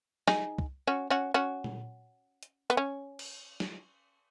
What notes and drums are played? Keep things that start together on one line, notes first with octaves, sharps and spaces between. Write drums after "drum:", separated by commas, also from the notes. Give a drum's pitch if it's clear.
D#4 G#4, drum: snare
drum: kick
C#4 F#4
C#4 F#4
C#4 F#4
drum: tom A#2
drum: hi-hat
B3, drum: hi-hat
C#4
drum: cymbal
drum: snare